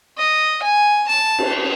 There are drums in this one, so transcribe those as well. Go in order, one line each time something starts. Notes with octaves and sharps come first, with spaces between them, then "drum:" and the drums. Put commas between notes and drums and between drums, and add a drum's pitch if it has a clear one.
D#5
G#5
A5
drum: cymbal